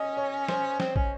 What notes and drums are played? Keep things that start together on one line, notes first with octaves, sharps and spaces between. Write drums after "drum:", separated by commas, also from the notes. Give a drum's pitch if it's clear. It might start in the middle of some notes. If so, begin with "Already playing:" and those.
Already playing: C#4 D#5
C#5
C5, drum: snare
C4, drum: snare
C#4, drum: kick